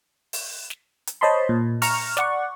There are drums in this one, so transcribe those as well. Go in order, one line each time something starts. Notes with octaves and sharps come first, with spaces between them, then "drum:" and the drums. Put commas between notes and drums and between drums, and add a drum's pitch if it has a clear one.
drum: open hi-hat
drum: snare
drum: hi-hat
C5 C#5 D#5 A5 B5 C6
A#2
A#5 C#6 F6, drum: open hi-hat
D5 F#5 C#6, drum: snare